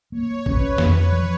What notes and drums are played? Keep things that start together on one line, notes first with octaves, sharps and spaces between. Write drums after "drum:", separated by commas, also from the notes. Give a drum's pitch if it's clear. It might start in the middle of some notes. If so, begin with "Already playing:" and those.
A#3 C#5
C#4 B4, drum: kick
F2, drum: snare
F3